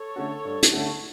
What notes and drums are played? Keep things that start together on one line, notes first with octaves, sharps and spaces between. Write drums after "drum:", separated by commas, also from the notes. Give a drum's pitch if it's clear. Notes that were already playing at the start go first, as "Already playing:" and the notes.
Already playing: A4 C#5
D3 A3 C#4 F#4
G2
drum: hi-hat
D3 A3 C#4 F#4